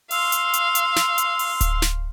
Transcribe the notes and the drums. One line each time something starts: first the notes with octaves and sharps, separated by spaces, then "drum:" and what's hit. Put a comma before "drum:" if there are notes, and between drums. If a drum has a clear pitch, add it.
F5 C6 E6, drum: open hi-hat
drum: hi-hat
drum: hi-hat
drum: hi-hat
drum: snare
drum: hi-hat
drum: open hi-hat
drum: kick D1, hi-hat
drum: snare